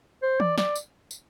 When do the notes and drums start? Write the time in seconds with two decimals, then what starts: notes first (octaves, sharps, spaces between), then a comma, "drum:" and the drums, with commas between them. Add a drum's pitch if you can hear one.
0.22 C5
0.40 D5, drum: tom E3
0.58 D5, drum: snare
0.76 drum: tambourine
1.11 drum: tambourine